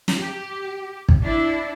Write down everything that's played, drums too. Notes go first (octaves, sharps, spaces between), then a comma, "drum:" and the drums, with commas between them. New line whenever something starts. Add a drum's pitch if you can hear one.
drum: snare
G4
drum: kick
D4 E4